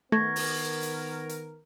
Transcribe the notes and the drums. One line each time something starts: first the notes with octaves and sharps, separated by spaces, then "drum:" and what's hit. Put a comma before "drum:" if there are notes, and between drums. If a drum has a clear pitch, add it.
D#3 A3 B3 A#4 C#6 G#6 A#6
drum: open hi-hat
drum: hi-hat
drum: hi-hat